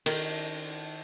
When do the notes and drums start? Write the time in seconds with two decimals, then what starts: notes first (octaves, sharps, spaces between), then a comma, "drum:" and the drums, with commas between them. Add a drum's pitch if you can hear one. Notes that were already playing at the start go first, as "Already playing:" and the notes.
0.06 D#3, drum: cymbal